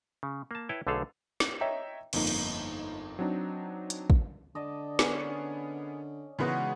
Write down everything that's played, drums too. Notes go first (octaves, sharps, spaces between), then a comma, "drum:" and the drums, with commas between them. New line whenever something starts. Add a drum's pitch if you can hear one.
C#3
A#3 A5
E4 B4 C#5 G5 A5
B1 D3 A3 G#4 A4 F5
drum: snare
C#5 D#5 E5 G5 A#5
G1 F2 A#3 D#4, drum: cymbal
drum: cymbal
F#3 C4 D4 D#4
drum: hi-hat
drum: kick
D3 D5 D#5 A5
B3 C#4 G#4 A#4, drum: snare
C#3 E3 G#3 B3 D#4 F#4